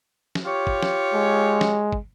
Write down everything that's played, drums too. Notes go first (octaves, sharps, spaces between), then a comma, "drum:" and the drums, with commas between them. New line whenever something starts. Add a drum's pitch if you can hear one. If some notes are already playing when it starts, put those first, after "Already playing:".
drum: snare
F4 G4 C#5
drum: kick
drum: snare
G#3
drum: snare
drum: kick